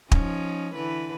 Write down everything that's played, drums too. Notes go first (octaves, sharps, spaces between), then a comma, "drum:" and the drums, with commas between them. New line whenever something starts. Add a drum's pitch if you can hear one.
F3 C#4 D#4, drum: kick
D3 E3 B4